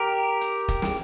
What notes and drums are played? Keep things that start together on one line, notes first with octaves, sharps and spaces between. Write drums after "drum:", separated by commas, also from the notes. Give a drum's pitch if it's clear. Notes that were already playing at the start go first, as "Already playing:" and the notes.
Already playing: G4 A#4
drum: hi-hat
drum: kick, hi-hat
drum: snare